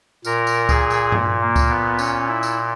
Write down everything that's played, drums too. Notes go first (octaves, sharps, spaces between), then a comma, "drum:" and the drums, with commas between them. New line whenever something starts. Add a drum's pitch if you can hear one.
A#2 A#4, drum: tambourine
drum: tambourine
G#4, drum: kick C#2, tambourine
drum: tambourine
drum: tom G2
A#3
drum: kick C#2, tambourine
B3
C#4, drum: tambourine
E4
drum: tambourine